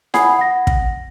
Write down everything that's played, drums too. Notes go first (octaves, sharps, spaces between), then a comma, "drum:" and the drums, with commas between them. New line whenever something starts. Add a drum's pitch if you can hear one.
F#5 G#5 B5 D#6 G#6 C7, drum: snare E4
F#5 A#6
drum: kick